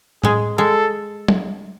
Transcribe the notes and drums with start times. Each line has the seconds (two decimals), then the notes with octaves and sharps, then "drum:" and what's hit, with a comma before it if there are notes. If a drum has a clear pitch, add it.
0.24 G#3 G#4, drum: tom A2
0.58 G#3 A4
1.28 drum: tom